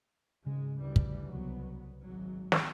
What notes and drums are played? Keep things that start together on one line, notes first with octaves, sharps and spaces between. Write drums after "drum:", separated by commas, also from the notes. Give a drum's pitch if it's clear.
G#1 G#2 C#3 G#3
D2 E3 G3
drum: kick
C2 F#3 B3
G#1 G#2 F#3
drum: snare